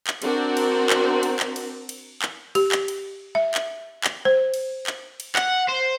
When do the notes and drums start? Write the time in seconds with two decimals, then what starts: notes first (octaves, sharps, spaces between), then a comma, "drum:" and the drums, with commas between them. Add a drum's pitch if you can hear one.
0.07 drum: clap
0.22 C4 D4 F#4 A#4, drum: cymbal
0.57 drum: cymbal
0.90 drum: clap
1.23 drum: cymbal
1.39 drum: clap
1.56 drum: cymbal
1.89 drum: cymbal
2.22 drum: clap
2.55 G4, drum: cymbal
2.72 drum: clap
2.88 drum: cymbal
3.35 E5
3.54 drum: clap
4.04 drum: clap
4.25 C5
4.54 drum: cymbal
4.87 drum: clap
5.20 drum: cymbal
5.35 F#5, drum: clap
5.68 C5